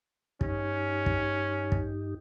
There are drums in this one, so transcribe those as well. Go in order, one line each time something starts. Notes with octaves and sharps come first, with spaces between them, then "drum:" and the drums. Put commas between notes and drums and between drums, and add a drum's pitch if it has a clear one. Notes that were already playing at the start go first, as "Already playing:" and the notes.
G2 C#4 D#4 G4, drum: kick
drum: kick
drum: kick